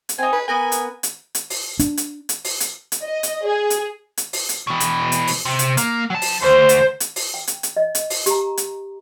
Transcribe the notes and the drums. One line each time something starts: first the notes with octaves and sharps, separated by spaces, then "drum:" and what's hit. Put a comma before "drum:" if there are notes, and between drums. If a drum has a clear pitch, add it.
drum: hi-hat
C4 D#4 G#5
B4
B3 A#4 B4 G#5
drum: hi-hat
drum: hi-hat
drum: hi-hat
drum: open hi-hat
D4, drum: hi-hat
drum: hi-hat
drum: hi-hat
drum: open hi-hat
drum: hi-hat
drum: hi-hat
D#5
drum: hi-hat
G#4
drum: hi-hat
drum: hi-hat
drum: open hi-hat
drum: hi-hat
B2 E3
drum: hi-hat
drum: hi-hat
drum: open hi-hat
C3
drum: hi-hat
A#3, drum: hi-hat
F#3 A5
drum: open hi-hat
D2 C5
drum: hi-hat
drum: hi-hat
drum: open hi-hat
G5
drum: hi-hat
drum: hi-hat
D#5
drum: hi-hat
drum: open hi-hat
G4 A#5, drum: hi-hat
drum: hi-hat